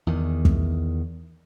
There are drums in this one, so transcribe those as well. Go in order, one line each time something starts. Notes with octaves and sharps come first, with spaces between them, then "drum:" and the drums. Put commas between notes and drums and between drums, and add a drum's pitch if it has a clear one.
E2 D#3
drum: kick